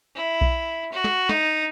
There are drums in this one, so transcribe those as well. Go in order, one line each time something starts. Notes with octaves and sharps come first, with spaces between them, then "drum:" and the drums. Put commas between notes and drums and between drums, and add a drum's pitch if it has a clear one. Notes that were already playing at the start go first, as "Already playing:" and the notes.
E4
drum: kick B1
F#4
drum: snare
D#4, drum: snare